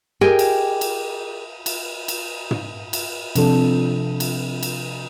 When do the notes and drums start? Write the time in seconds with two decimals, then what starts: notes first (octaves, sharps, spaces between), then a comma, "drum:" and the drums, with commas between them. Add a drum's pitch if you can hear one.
0.21 G4 G#4 A#4 D#5 G5 G#5
0.39 drum: cymbal
0.81 drum: cymbal
1.66 drum: cymbal
2.08 drum: cymbal
2.51 drum: tom
2.93 drum: cymbal
3.35 C3 F3 C4 D4 F4 A4, drum: cymbal
4.20 drum: cymbal
4.63 drum: cymbal